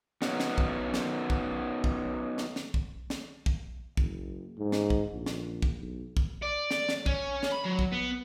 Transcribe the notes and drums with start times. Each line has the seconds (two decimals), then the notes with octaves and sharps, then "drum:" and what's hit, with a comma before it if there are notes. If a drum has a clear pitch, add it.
0.22 B3 C#4 D#4 F#4, drum: snare
0.40 drum: snare
0.58 drum: kick
0.94 drum: snare
1.30 drum: kick
1.84 drum: kick
2.38 drum: snare
2.56 drum: snare
2.74 drum: kick
3.10 drum: snare
3.46 drum: kick
3.97 F#1, drum: kick
4.59 G#2
4.72 drum: snare
4.90 drum: kick
5.13 A#1
5.26 drum: snare
5.62 drum: kick
5.80 B1
6.17 drum: kick
6.42 D5
6.71 drum: snare
6.89 drum: snare
7.06 C#4, drum: kick
7.43 drum: snare
7.52 B5
7.65 F#3
7.79 drum: kick
7.92 B3